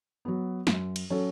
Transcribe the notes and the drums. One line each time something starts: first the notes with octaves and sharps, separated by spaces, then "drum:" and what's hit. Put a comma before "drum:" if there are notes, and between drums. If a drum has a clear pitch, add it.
F#3 B3
F#2, drum: snare
drum: cymbal
F#3 C#4 A4